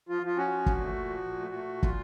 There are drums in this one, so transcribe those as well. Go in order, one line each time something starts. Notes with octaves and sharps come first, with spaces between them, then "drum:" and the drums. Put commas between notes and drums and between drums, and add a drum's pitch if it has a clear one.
F3 F4
F3 F4
C#4 F#4
F3
A#2, drum: kick
A3
A#2
F3
A#2
A3
A3
A#2
F4, drum: kick